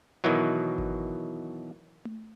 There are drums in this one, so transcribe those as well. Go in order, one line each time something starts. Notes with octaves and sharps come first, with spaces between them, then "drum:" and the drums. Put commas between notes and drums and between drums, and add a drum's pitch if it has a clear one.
B2 D#3 E3 F#3
drum: kick G#1
drum: tom A3